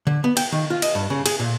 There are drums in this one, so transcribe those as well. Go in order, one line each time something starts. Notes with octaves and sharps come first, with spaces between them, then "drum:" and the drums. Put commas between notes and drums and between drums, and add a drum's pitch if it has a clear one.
D3
B3
G5, drum: cymbal
D#3
F4
D#5, drum: cymbal
G2
C#3
G#4, drum: cymbal
A#2